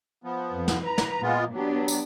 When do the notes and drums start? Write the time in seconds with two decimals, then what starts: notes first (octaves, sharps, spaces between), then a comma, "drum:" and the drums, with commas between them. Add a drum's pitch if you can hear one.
0.24 F3 B3
0.53 F2
0.68 drum: snare
0.85 B4 A#5
0.98 drum: snare
1.22 A#2 G#3 A#3 B3 F4
1.54 F#3 B3 D4 G4
1.88 drum: tambourine